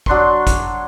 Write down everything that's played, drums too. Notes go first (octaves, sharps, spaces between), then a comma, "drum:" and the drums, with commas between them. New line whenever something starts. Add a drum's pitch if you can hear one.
F#3 D4 C6 C#6, drum: kick
drum: kick, hi-hat